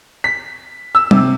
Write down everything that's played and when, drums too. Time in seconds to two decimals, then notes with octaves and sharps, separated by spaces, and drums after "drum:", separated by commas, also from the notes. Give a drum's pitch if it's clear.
0.24 B6
0.95 E6
1.11 C3, drum: tom G3